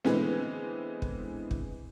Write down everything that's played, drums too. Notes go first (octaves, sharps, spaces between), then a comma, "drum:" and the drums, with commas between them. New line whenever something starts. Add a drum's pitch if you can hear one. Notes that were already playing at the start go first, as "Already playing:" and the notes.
D3 E3 G#3 B3 C4, drum: snare
drum: kick
drum: kick